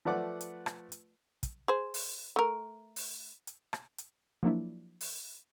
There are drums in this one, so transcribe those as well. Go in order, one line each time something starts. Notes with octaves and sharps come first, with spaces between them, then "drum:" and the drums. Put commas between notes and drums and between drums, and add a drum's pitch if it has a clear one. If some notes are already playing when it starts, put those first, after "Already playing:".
F3 A3 B4 D5 F#5 D6
drum: hi-hat
drum: rim click
drum: hi-hat
drum: kick, hi-hat
G#4 C5
drum: open hi-hat
A3 A#4
drum: open hi-hat
drum: hi-hat
drum: rim click
drum: hi-hat
F3 F#3 A#3 D4 E4
drum: open hi-hat